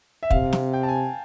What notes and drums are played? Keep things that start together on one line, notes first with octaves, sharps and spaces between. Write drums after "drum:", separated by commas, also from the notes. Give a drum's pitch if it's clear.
E5
C3 F5, drum: kick
drum: snare
G5
A5
G#5